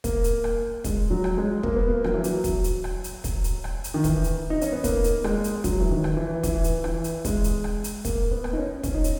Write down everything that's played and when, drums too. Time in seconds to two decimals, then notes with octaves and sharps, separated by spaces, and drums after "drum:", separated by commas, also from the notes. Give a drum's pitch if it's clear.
0.04 A#3, drum: kick, hi-hat
0.24 drum: hi-hat
0.44 drum: rim click
0.84 G#3, drum: kick, hi-hat
1.11 F#3
1.24 drum: rim click
1.38 G#3
1.63 A#3, drum: kick
1.76 B3
1.89 A#3
2.04 F#3, drum: rim click
2.14 E3
2.24 F#3, drum: hi-hat
2.44 drum: kick, hi-hat
2.64 drum: hi-hat
2.84 drum: rim click
3.04 drum: hi-hat
3.24 drum: kick, hi-hat
3.44 drum: hi-hat
3.64 drum: rim click
3.84 drum: hi-hat
3.94 D#3
4.04 E3, drum: kick, hi-hat
4.24 drum: hi-hat
4.50 D#4
4.61 C#4, drum: hi-hat
4.72 B3
4.84 A#3, drum: kick, hi-hat
5.04 drum: hi-hat
5.24 G#3, drum: rim click
5.44 drum: hi-hat
5.64 F#3, drum: kick, hi-hat
5.81 E3
5.91 D#3
6.04 drum: rim click
6.17 E3
6.43 E3, drum: kick, hi-hat
6.64 drum: hi-hat
6.84 E3, drum: rim click
7.04 drum: hi-hat
7.25 G#3, drum: kick, hi-hat
7.44 drum: hi-hat
7.64 drum: rim click
7.84 drum: hi-hat
8.05 A#3, drum: kick, hi-hat
8.31 B3
8.44 drum: rim click
8.53 D#4
8.57 C#4
8.83 C#4, drum: kick, hi-hat
8.94 D#4
9.04 drum: hi-hat